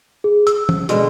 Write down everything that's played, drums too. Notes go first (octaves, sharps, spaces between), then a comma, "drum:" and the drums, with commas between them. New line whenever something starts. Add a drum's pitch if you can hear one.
G#4
E6, drum: hi-hat
drum: tom
B2 D3 G#3, drum: hi-hat